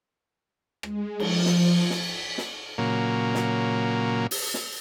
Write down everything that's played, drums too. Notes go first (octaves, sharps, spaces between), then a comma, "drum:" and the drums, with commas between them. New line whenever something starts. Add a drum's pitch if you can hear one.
G#3, drum: rim click
F3, drum: cymbal
drum: snare
B6, drum: snare
drum: snare
A#2 C#3 F#3 A#3
drum: snare
drum: open hi-hat
drum: snare